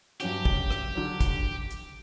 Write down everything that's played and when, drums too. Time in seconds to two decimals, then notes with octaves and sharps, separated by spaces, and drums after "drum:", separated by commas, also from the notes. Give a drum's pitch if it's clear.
0.20 G2 F#3 C#4 F#4 G4, drum: hi-hat
0.45 drum: kick
0.70 drum: rim click
0.95 D3 F#3
1.21 drum: kick, hi-hat
1.71 drum: hi-hat